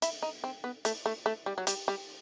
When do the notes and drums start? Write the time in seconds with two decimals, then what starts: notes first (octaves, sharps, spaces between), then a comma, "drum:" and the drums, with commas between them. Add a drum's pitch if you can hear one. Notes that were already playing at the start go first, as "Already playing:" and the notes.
0.02 E4, drum: hi-hat
0.23 D#4
0.44 C4
0.64 B3
0.85 A3, drum: hi-hat
1.06 A3
1.26 A3
1.46 G3
1.58 F#3
1.67 G3, drum: hi-hat
1.88 G3